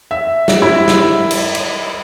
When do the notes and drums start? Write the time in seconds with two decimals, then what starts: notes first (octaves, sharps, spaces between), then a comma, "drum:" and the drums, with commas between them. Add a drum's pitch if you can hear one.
0.11 E5
0.48 drum: snare
0.62 E4
0.88 drum: snare
1.31 drum: cymbal
1.55 drum: cymbal